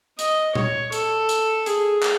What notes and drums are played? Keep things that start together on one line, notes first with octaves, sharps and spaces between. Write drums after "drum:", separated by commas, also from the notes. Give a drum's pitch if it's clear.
D#5, drum: hi-hat
C#5, drum: tom A#2
A4, drum: hi-hat
drum: hi-hat
G#4, drum: hi-hat
drum: clap